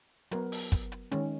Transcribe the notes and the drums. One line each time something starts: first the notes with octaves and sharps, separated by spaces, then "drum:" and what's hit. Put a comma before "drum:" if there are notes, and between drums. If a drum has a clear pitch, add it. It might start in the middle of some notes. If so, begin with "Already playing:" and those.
F#3 B3 A#4, drum: hi-hat
drum: open hi-hat
drum: kick, hi-hat
drum: hi-hat
D#3 G#3 C#4, drum: hi-hat